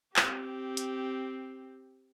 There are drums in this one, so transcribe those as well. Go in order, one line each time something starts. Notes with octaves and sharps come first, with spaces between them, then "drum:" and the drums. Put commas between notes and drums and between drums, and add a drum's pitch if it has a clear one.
C4 G4, drum: clap
drum: hi-hat